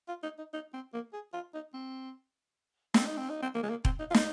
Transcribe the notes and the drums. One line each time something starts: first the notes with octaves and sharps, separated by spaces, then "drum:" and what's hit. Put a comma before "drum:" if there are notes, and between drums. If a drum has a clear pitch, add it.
F4
D#4
D#4
D#4
C4
A#3
G#4
F4
D#4
C4
C4, drum: snare
D#4
C4
D#4
C4
A#3
G#3
A#3
C4, drum: kick E1
D#4
F4
D#4, drum: snare